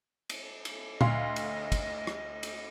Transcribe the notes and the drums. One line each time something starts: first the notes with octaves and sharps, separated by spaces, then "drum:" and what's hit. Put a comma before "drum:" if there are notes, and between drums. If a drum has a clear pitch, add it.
drum: cymbal
drum: cymbal
D2 D#5 F5 C6, drum: tom A#2
drum: cymbal
drum: kick, cymbal
drum: rim click
drum: cymbal